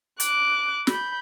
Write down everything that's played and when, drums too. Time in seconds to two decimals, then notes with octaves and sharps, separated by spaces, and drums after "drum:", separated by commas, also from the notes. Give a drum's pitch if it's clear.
0.20 D6 F#6, drum: hi-hat
0.87 B5 G6, drum: snare